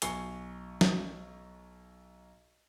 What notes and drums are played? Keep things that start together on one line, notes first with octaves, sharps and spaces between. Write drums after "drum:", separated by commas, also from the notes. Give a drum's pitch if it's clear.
B1 G#5 C#6 C7 G7, drum: hi-hat
drum: snare